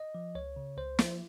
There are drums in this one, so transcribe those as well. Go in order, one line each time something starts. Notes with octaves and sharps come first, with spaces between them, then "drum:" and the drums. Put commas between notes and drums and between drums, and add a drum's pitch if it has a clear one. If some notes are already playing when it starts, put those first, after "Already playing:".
Already playing: D#5
F3
C#2 C#5
C#3
C#2 C5
F3, drum: snare